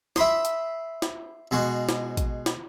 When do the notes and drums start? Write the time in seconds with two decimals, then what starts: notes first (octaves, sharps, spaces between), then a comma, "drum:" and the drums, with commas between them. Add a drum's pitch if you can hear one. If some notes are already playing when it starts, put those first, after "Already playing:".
0.16 E5 B5 C6 D#6, drum: snare
0.45 drum: hi-hat
1.02 drum: snare
1.51 B2 G#3 F#4
1.89 drum: snare
2.17 drum: kick A1, hi-hat
2.46 drum: snare